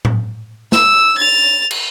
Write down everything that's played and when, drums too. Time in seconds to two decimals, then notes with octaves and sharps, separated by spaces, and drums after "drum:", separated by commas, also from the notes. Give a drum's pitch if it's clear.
0.05 drum: tom A2
0.72 E6, drum: snare
1.18 A6 F7
1.71 drum: cymbal